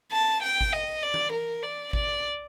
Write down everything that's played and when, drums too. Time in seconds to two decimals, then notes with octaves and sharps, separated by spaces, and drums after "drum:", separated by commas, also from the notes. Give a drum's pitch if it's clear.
0.12 A5
0.42 G5
0.61 drum: kick G#1
0.72 D#5
1.03 D5
1.14 drum: tom E3
1.32 A#4
1.63 D5
1.93 D5, drum: kick G#1